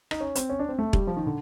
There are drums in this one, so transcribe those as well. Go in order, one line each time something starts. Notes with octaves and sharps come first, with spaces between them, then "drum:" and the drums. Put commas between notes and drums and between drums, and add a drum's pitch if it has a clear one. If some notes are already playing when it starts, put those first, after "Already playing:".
D#4, drum: rim click
C#4
C4, drum: hi-hat
C#4
D4
C4
A3
G3, drum: kick E1
F3
D#3
D3